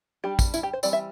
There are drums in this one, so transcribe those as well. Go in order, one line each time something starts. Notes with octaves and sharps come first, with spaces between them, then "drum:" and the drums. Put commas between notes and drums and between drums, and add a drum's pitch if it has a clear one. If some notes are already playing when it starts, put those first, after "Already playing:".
G3 D4 G4
drum: kick A1, tambourine
E4, drum: tambourine
G4
C5
E3 G3 C4 D5, drum: tambourine
E5